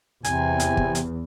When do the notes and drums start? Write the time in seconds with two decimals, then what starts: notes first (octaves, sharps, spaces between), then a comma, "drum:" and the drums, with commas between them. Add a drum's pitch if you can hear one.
0.24 E2 C3 G#5, drum: hi-hat
0.60 drum: hi-hat
0.77 drum: kick
0.95 drum: hi-hat